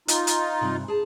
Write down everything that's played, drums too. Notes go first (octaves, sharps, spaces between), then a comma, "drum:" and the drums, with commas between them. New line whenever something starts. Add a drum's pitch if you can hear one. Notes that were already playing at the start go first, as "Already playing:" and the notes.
D#4 F4, drum: hi-hat
drum: hi-hat
G2 C3
G#4 A5